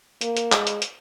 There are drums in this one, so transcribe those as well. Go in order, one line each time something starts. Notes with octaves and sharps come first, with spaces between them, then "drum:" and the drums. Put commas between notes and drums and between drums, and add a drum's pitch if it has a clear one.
A#3, drum: hi-hat
drum: hi-hat
G#3, drum: clap
drum: hi-hat
drum: hi-hat